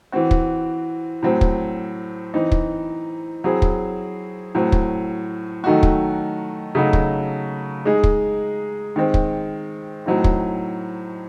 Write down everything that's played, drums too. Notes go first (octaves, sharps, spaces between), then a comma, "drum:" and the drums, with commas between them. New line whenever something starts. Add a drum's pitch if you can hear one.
E3 C4 F#4
drum: kick
A2 F#3 C4
drum: kick
E3 C4 D#4
drum: kick
F#3 C4 E4 G#4
drum: kick
A2 F#3 C4
drum: kick
D#3 F#3 A3 D#4 F#4
drum: kick
C#3 F#3 A3 D#4 F#4
drum: kick
G#3 D#4 G#4
drum: kick
D#3 G#3 C4
drum: kick
A2 F#3 C4 D#4
drum: kick